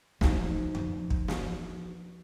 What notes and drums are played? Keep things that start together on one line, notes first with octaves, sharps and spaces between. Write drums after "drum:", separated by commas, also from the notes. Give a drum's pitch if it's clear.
F3 D#4, drum: snare
drum: tom F2
drum: kick
drum: snare